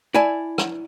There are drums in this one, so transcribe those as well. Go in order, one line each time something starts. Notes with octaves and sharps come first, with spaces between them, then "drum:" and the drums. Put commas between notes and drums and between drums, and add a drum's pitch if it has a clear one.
E4 D5 G#5 A5
drum: rim click